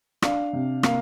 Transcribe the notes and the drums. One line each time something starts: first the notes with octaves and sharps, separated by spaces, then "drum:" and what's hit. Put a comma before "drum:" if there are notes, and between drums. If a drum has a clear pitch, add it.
D4 F5, drum: rim click
C3
A#3 F5, drum: rim click